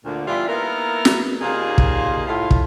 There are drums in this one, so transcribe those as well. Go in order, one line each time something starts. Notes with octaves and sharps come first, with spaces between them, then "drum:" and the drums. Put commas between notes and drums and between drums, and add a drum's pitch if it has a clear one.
D2 A#2
E3 G3 B3 D4 E4 F4
A#3 B3 D#4 E4 A4 A#4
drum: snare
D#2 A#2 A#3 D#4 F4 G#4
drum: kick
A2 F4
drum: kick